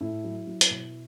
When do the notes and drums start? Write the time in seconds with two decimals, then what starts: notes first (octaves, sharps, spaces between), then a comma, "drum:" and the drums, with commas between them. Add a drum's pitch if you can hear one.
0.01 A2 E4
0.24 F#3
0.47 F#3
0.61 drum: hi-hat
0.70 B2